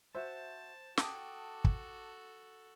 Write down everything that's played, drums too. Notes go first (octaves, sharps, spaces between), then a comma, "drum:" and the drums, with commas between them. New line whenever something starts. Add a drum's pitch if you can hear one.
F#4 C5 E5 A5
F#4 A4 G5 A5 D6 D#6, drum: snare
drum: kick